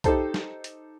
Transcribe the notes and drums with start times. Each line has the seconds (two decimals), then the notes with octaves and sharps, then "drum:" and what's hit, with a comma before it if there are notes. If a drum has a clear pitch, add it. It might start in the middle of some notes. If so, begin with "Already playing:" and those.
0.04 D#4 G4 A4 C5 A5, drum: kick, hi-hat
0.34 drum: snare
0.64 drum: hi-hat